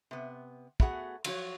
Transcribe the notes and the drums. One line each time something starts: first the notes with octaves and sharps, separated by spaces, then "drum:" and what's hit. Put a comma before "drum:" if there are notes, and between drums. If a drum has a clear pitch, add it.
C3 B3
A3 B3 F#4 G#4 F#5, drum: kick
F3 F#3 F#4 C#5, drum: cymbal